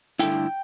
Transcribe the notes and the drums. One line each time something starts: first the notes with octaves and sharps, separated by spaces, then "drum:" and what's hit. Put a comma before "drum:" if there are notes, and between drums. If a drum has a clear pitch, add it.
G2 D3 A3 E4 G5, drum: hi-hat